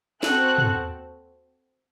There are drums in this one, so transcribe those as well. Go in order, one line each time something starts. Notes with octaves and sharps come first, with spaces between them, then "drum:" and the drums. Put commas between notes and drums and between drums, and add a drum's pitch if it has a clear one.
C4 F#4 A4 F#6, drum: snare
drum: tom